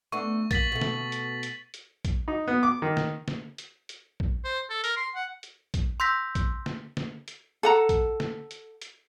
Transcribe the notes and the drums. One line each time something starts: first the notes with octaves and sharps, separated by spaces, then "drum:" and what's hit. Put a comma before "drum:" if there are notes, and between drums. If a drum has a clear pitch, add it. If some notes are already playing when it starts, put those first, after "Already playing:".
A3 B3 D4 C#6
A#3 A6 B6 F#7, drum: kick, hi-hat
B2 A3
drum: snare
drum: hi-hat
drum: hi-hat
drum: hi-hat
drum: kick, hi-hat
D#4
B3
D6
D#3
drum: snare
drum: snare
drum: hi-hat
drum: hi-hat
drum: kick
C5
A4
A#4, drum: hi-hat
C6
F#5
drum: hi-hat
drum: kick, hi-hat
C6 E6 G6 A#6 B6
drum: kick, hi-hat
drum: snare
drum: snare
drum: hi-hat
A4 F#5 A#5
drum: kick, hi-hat
drum: snare
drum: hi-hat
drum: hi-hat